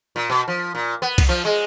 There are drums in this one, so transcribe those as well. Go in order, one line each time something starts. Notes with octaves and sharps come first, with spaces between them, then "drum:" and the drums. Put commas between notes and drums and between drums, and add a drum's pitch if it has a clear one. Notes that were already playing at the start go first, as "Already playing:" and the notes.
A#2
B2
F3
A#2
B3
drum: kick, cymbal
F3
G#3